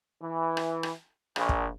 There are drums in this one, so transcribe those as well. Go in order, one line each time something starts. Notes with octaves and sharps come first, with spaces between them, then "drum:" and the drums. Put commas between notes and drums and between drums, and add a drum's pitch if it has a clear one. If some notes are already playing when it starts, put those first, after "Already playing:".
E3
drum: rim click
drum: rim click
A#1, drum: rim click
drum: kick